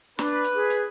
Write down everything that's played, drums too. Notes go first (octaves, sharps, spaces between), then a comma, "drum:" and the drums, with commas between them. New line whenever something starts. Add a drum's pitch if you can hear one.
D4 B4, drum: snare
drum: hi-hat
G#4
drum: hi-hat